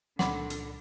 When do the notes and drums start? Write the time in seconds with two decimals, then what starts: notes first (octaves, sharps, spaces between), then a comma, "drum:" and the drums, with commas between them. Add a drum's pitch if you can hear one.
0.19 C#2 A#2 D3 D#3 F#5 B5 C6 D6, drum: snare
0.50 drum: hi-hat